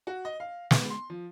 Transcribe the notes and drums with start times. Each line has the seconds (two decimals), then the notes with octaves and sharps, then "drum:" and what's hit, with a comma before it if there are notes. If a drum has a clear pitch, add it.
0.07 F#4
0.25 D#5
0.40 F5
0.71 B3, drum: snare
0.90 C6
1.10 F3